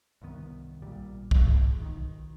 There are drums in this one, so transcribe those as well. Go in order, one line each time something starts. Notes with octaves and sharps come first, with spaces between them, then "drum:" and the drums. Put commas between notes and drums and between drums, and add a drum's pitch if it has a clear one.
C2 G2 D#3 B3
A#1 A#2 G3
D1 G2 B2, drum: kick
C#2
B1 D#3